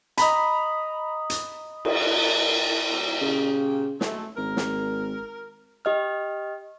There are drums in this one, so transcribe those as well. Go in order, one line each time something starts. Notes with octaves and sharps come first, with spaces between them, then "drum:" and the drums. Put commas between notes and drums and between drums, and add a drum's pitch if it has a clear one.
D#5 A#5 B5, drum: hi-hat
drum: hi-hat
drum: cymbal
F#3 A#3 C4
A#2 C#3 C#4 G4
F#3 G#3 A3, drum: snare
G#1 A#4
drum: snare
G4 D#5 F6